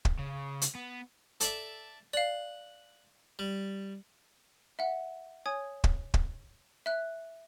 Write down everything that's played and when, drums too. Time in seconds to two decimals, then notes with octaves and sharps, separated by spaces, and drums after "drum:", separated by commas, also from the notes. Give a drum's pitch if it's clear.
0.05 drum: kick
0.19 C#3
0.62 drum: hi-hat
0.75 B3
1.40 A4 D5 E5, drum: hi-hat
2.13 D5 F5 F#5
3.39 G3
4.79 E5 F#5
5.46 C#5 G#5 D#6 G#6
5.84 drum: kick
6.14 drum: kick
6.86 E5 F#6